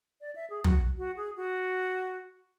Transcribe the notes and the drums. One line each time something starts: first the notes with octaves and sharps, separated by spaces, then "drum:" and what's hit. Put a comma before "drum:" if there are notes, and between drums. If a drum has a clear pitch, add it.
D5
E5
G#4
F#4, drum: tom
F#4
G#4
F#4